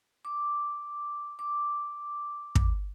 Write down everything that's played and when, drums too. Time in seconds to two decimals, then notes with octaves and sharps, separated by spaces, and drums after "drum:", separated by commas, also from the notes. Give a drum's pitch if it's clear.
0.25 D6
1.39 D6
2.55 drum: kick